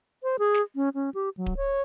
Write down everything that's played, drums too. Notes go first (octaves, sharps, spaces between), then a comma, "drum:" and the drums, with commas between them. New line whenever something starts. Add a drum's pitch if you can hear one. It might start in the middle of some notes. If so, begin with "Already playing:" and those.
C5
G#4
drum: snare
C#4
C#4
G4
F#3
drum: kick D1
C#5